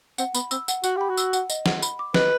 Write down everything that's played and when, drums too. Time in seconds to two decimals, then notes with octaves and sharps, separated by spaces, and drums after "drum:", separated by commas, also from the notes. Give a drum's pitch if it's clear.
0.18 C4 F#5, drum: tambourine
0.35 B3 B5, drum: tambourine
0.51 C4 E6, drum: tambourine
0.68 F#5, drum: tambourine
0.84 F#4 F#5, drum: tambourine
0.97 G4 B5
1.09 F#4
1.17 E6, drum: tambourine
1.33 F#5, drum: tambourine
1.50 D#5, drum: tambourine
1.66 F#5, drum: snare
1.82 B5, drum: tambourine
1.99 D6
2.14 B4 D#5, drum: snare